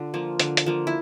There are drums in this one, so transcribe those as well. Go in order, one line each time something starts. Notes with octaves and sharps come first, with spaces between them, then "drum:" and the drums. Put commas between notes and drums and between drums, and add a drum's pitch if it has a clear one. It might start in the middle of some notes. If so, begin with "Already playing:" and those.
Already playing: D3 F4
F3 A#3
D3, drum: hi-hat
drum: hi-hat
F3 A#3
E4